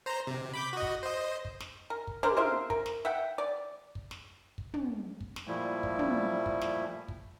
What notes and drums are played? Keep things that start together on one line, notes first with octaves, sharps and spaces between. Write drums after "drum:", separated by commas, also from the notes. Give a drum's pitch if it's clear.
C5 A#5
C3
B5 D6 G6
F#4 D#5
drum: kick
C5 D#5
drum: kick
drum: snare
A#4
drum: kick
D4 A#4 C5, drum: tom
A#4 C5 E5 F5
A#4, drum: kick
drum: snare
E5 F#5 G5
D5
drum: kick
drum: snare
drum: kick
drum: tom
drum: kick
drum: snare
A#2 F3 G3 A3 E4
drum: kick
drum: tom
drum: kick
drum: snare
drum: kick